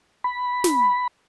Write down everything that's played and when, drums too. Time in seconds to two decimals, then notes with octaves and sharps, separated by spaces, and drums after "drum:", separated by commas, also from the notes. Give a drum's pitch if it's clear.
0.24 B5
0.64 drum: snare